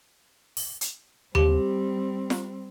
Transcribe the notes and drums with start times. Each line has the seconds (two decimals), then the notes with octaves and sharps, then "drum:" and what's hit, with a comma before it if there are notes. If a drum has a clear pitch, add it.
0.57 drum: open hi-hat
0.81 drum: hi-hat
1.35 G3 C4 G4, drum: tom D#2
2.30 drum: snare